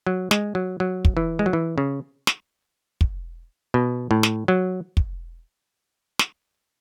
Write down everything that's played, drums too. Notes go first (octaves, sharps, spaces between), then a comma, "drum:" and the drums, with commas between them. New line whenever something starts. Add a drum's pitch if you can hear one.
F#3
G#3, drum: snare
F#3
F#3
drum: kick
E3
G#3
F#3
E3
C#3
drum: snare
drum: kick
B2
A2
drum: snare
F#3
drum: kick
drum: snare